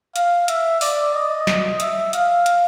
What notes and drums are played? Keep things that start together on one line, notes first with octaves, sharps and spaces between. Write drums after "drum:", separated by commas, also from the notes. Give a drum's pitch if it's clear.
F5, drum: hi-hat
E5, drum: hi-hat
D5, drum: open hi-hat
D#5
drum: snare
E5, drum: hi-hat
F5, drum: hi-hat
drum: hi-hat